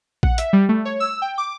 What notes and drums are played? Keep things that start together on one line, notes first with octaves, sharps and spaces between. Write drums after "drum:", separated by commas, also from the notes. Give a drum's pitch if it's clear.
F#5, drum: kick A#1
E5, drum: hi-hat
G3
A3
C#5
E6
G5
D6